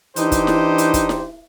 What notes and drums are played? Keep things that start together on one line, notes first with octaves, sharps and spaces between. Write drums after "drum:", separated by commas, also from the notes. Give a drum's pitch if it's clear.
E3 D4 D#4 G4 C5, drum: hi-hat
drum: kick, hi-hat
drum: snare E4
drum: hi-hat
drum: kick, hi-hat
drum: snare E4